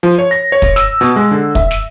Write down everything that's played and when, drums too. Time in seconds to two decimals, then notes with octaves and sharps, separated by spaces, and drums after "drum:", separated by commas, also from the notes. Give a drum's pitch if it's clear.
0.03 F3
0.19 C#5
0.31 A#6
0.52 C#5
0.62 drum: kick
0.76 E6, drum: snare
1.01 B2
1.16 G#3
1.31 D3
1.55 E5, drum: kick
1.71 drum: snare